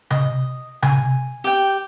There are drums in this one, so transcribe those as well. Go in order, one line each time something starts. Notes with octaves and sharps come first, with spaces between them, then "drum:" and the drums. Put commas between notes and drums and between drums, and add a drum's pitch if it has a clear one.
D#5, drum: tom C3
G#5, drum: tom C3
G4 G5